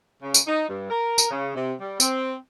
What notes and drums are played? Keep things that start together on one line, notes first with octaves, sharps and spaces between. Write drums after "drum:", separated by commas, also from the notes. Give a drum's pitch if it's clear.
C#3
drum: tambourine
D#4
G2
A#4
drum: tambourine
C#3
C3
G3
C4, drum: tambourine